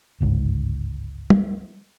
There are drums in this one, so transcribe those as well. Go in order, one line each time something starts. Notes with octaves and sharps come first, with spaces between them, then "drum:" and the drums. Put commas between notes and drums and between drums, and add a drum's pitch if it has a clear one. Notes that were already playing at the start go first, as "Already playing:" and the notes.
G1 C#2 G#2
drum: tom G3